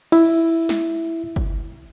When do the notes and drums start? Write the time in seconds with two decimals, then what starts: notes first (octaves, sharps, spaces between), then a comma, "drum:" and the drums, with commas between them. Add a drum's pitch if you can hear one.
0.12 E4 E5, drum: cymbal
0.69 drum: snare
1.36 drum: kick